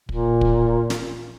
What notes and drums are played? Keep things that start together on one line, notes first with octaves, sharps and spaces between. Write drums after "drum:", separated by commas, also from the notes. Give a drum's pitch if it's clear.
A#2, drum: kick
drum: kick
drum: snare